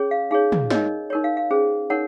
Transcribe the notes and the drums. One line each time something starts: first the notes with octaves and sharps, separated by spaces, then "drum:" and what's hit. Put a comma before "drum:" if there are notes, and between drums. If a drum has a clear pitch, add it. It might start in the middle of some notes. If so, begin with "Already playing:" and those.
Already playing: C#4 G#4 C#5
F5
D#4 G#4 C#5 F5
drum: tom
D#4 A#4 C#5 D#5, drum: snare
D#4 A#4 C#5
F5
F5
C#4 G#4 C5
D#4 A#4 C#5 F#5